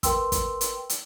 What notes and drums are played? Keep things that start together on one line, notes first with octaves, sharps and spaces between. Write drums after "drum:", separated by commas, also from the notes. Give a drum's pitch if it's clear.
A#4 B4 G5 C6 E6, drum: kick, hi-hat
drum: kick, hi-hat
drum: hi-hat
drum: hi-hat